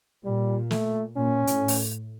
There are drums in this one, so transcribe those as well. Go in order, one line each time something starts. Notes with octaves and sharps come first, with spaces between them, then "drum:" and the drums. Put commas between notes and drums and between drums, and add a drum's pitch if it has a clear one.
A#2 G3
A3, drum: snare
A#2 C#4
A2, drum: hi-hat
drum: open hi-hat